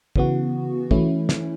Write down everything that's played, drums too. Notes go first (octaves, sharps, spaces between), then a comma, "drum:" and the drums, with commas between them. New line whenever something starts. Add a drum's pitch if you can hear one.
C#3 E3 B3 F#4, drum: kick
E3 A3 C#4 E4, drum: kick
drum: snare